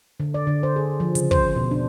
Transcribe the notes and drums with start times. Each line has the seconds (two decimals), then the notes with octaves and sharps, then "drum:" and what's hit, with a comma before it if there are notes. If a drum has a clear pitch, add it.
0.20 D3
0.34 D5
0.47 D3
0.63 C5
0.76 G#4
1.00 F3
1.15 C#3, drum: hi-hat
1.31 C5, drum: kick
1.56 B2
1.71 D4